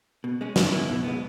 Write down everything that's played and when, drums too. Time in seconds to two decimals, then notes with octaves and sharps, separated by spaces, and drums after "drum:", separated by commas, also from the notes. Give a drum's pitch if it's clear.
0.24 B2
0.41 G#3 C#4
0.56 D#3, drum: snare
0.73 F#3 B3 E4
0.89 B2
1.04 G#3 B3